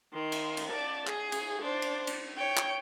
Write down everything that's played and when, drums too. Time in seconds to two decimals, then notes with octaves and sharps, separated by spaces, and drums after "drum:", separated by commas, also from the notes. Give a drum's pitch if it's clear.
0.13 D#3 C6
0.32 drum: cymbal
0.57 drum: cymbal
0.69 D5 A5
1.07 G#4, drum: clap
1.32 drum: cymbal
1.62 D4 C5
1.82 drum: cymbal
2.07 drum: cymbal
2.37 C#5 G5
2.57 drum: clap